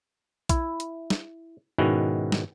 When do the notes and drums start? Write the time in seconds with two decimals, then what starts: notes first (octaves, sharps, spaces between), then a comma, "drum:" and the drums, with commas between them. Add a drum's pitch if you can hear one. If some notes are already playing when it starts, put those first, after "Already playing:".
0.49 E4, drum: kick A#1, hi-hat
0.80 drum: hi-hat
1.10 drum: snare
1.78 G#2 B2 D#3 C#4 E4 F#4
2.32 drum: snare